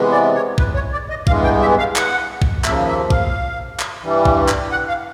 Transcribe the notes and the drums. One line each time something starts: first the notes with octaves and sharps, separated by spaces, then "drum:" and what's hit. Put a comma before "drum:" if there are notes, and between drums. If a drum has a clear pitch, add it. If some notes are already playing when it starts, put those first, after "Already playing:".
Already playing: C3 E3 G#3 B3
D5
C#5
B4, drum: kick A#1
C#5
D5
D#5
G2 E3 G#3 B3 F5, drum: kick A#1
G5
E5
F5
F#5, drum: clap
drum: kick A#1
D#2 C#3 F3 A#3 E5, drum: clap
E5
F5, drum: kick A#1
drum: clap
G2 E3 G3
drum: kick A#1
drum: clap
F#5
F5